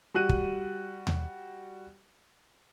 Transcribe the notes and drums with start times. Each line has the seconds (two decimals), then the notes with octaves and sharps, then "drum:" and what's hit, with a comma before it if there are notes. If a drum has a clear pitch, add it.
0.14 G3 F#4 F#6 D#7
0.29 drum: kick
1.07 drum: tom D#2